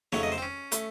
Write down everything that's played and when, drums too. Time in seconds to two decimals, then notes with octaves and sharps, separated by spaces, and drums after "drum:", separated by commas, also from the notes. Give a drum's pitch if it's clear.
0.12 F2 C#3 F#3 A3 C#5, drum: snare D#4
0.23 D#5
0.32 C5
0.38 C4
0.42 C#4
0.72 A3, drum: hi-hat